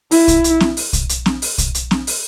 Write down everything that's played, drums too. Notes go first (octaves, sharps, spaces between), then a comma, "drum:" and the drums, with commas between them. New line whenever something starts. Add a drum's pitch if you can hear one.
E4, drum: open hi-hat
drum: kick, hi-hat
drum: hi-hat
drum: snare C4
drum: open hi-hat
drum: kick, hi-hat
drum: hi-hat
drum: snare C4
drum: open hi-hat
drum: kick, hi-hat
drum: hi-hat
drum: snare C4
drum: open hi-hat